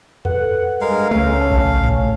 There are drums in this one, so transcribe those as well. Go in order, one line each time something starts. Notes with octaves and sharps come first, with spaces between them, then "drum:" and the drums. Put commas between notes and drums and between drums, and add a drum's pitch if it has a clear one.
A4 B4 F#5, drum: tom E2
G2 G#3 A#4 F5
C#2 A3 C#4 F5
A5
drum: kick A#1
drum: tom G#2